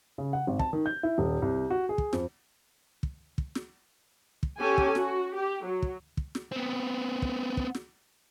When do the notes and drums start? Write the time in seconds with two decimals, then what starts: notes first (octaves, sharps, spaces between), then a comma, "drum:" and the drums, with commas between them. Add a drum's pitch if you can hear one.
0.18 C#3
0.33 F#5
0.47 G#1
0.59 A5, drum: kick
0.73 D#3
0.86 G6
1.03 E4
1.18 D#1
1.42 C2
1.70 F#4
1.89 G#4
1.98 drum: kick
2.13 F2, drum: snare
3.03 drum: kick
3.38 drum: kick
3.55 drum: snare
4.43 drum: kick
4.57 C#4 G4 A4 G#5
4.78 drum: kick
4.95 F#4, drum: snare
5.34 G4
5.65 F#3
5.82 drum: kick
6.17 drum: kick
6.35 drum: snare
6.52 B3 C4
7.22 drum: kick
7.57 drum: kick
7.75 drum: snare